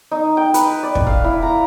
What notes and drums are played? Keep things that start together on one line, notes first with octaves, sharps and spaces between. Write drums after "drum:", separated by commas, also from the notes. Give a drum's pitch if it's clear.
D#4
G5
B4, drum: hi-hat
D5
drum: kick
F5
E4
A#5